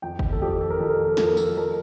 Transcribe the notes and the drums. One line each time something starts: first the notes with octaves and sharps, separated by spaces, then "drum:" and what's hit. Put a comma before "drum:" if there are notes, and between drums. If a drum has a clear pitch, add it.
F2 G5
drum: kick F#1
A4
F2 G4
A4
A#4
F2 A4
A#4
A4
A#4
F3 A4, drum: snare
A#4
A4, drum: tambourine
F3 A#4